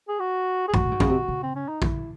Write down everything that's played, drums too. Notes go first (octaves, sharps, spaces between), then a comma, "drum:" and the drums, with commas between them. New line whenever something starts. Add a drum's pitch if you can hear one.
G#4
F#4
G#4
G#2 F#4, drum: kick A#1
A2
G#2
C#3, drum: kick A#1
C3
C#3
C4
C#4
D#4
E4, drum: kick A#1